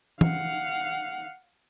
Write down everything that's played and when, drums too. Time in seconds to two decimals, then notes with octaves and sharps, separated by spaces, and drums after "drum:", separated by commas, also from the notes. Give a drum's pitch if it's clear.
0.21 F5 F#5, drum: tom E3